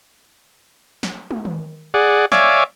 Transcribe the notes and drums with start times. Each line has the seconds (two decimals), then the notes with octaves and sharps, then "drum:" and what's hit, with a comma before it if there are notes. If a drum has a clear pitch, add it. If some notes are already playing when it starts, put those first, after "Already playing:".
1.03 drum: snare
1.31 drum: tom
1.45 drum: tom D#3
1.94 G#4 D5 F#5
2.32 C#5 D5 E5 F5 G#5 D6, drum: snare